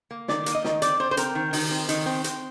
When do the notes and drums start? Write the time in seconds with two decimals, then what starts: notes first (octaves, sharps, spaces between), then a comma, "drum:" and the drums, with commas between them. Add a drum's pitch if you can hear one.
0.11 A#3
0.28 D#3 D5, drum: snare
0.46 A#3, drum: hi-hat
0.55 D#5
0.64 D#3, drum: snare
0.82 C4 D5, drum: hi-hat
0.99 C4 C5
1.11 C5
1.17 C4 A#4, drum: hi-hat
1.35 D#3
1.53 D#3, drum: open hi-hat
1.71 C4
1.89 D#3, drum: hi-hat
2.06 C4
2.24 C4, drum: hi-hat